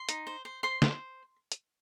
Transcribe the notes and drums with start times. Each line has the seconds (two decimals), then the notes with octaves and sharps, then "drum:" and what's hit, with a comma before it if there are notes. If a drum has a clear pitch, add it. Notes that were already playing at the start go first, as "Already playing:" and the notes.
Already playing: C6
0.09 D#4, drum: hi-hat
0.27 C5
0.45 C5
0.63 C5 C6
0.82 C5, drum: snare
1.52 drum: hi-hat